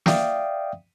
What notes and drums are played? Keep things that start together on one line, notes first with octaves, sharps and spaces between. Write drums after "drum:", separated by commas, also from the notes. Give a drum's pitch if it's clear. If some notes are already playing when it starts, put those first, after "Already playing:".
D5 E5 F5 G5 D#6, drum: snare